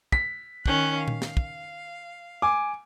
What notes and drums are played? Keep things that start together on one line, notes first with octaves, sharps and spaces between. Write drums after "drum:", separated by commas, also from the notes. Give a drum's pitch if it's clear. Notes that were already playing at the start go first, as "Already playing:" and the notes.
B6, drum: kick
D#3 C#4 F#6, drum: kick
F5
drum: tom A#2
drum: snare
drum: kick
G#5 D6